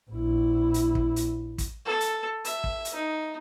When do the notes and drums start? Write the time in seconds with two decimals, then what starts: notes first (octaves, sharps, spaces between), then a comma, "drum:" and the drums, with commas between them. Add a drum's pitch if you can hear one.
0.11 A#1 E4
0.74 drum: hi-hat
0.95 drum: kick
1.16 drum: hi-hat
1.58 drum: kick, hi-hat
1.85 A4
2.01 drum: hi-hat
2.45 E5, drum: hi-hat
2.64 drum: kick
2.85 drum: hi-hat
2.94 D#4